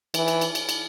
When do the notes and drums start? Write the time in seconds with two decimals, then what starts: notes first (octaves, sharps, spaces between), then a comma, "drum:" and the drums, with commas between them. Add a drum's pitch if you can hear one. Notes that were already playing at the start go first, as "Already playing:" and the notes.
0.14 E3, drum: cymbal
0.28 drum: cymbal
0.41 drum: cymbal
0.55 drum: cymbal
0.69 drum: cymbal